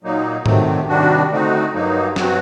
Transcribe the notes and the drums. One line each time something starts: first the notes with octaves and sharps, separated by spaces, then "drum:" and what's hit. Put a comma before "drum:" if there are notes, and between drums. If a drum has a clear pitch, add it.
A#2 F#3 A#3 D#4
C3 D#3 F#3 A3 C4, drum: tom G#2
C3 D#3 G3 D4 F#4
D3 A3 C4 D#4 F#4
G2 F#3 A#3 D#4
G2 F#3 C4 F#4, drum: snare